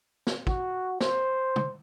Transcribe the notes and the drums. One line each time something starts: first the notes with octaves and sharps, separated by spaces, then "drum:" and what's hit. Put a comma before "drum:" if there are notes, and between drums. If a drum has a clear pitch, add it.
drum: snare
F#4, drum: kick
C5, drum: snare
drum: tom